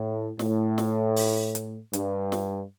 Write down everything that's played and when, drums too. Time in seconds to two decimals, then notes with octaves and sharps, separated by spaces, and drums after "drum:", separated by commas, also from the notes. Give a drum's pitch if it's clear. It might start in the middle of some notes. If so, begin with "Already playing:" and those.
Already playing: A2
0.39 A2, drum: snare
0.78 drum: snare
1.16 drum: open hi-hat
1.55 drum: hi-hat
1.93 G2, drum: hi-hat
2.32 drum: snare